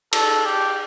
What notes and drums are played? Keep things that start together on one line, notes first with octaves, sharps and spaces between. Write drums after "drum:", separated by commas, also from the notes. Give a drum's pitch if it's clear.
A4, drum: cymbal
G4